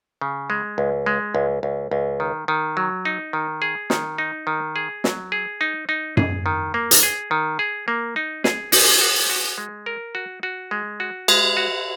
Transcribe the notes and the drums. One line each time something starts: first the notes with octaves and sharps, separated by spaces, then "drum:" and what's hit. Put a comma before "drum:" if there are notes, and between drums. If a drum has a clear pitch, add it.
C#3
G#3
C#2
G#3
C#2
C#2
C#2
D#3
D#3
F#3
D#4
D#3
G#4
D#3, drum: snare
D#4
D#3
G#4
F#3, drum: snare
G#4
D#4
D#4
G#4, drum: tom F#2
D#3
A#3
drum: hi-hat
G#4
D#3
G#4
A#3
D#4
G#4, drum: snare
D#4, drum: open hi-hat
F#4
F#4
G#3
A#4
F#4
F#4
G#3
F#4
G#3, drum: cymbal
F#4